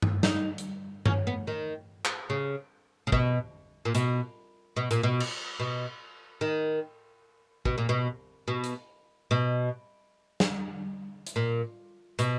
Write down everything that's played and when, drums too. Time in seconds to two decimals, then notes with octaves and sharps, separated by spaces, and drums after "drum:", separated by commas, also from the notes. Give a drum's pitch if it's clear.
0.02 drum: tom G2
0.23 D#4, drum: snare
0.58 drum: hi-hat
1.06 C#4, drum: tom G2
1.27 B3
1.47 D#3
2.05 drum: clap
2.30 C#3
3.07 C#3
3.12 B2, drum: kick
3.85 A#2
3.95 B2, drum: hi-hat
4.76 B2
4.91 A#2, drum: hi-hat
5.03 B2
5.20 drum: cymbal
5.60 B2
6.41 D#3
7.65 B2, drum: kick
7.78 A#2
7.89 B2
8.48 B2
8.64 drum: hi-hat
9.31 B2
10.40 drum: snare
11.27 drum: hi-hat
11.36 A#2
12.19 B2, drum: hi-hat